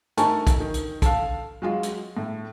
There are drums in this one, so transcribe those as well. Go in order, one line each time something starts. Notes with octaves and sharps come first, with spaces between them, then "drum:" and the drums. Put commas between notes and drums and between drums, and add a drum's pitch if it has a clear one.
A3 D#4 A#4 G#5 A5 C#6, drum: hi-hat
drum: kick, hi-hat
D#3
drum: hi-hat
A4 F5, drum: kick, hi-hat
F#3 G#3 F4
drum: hi-hat
A2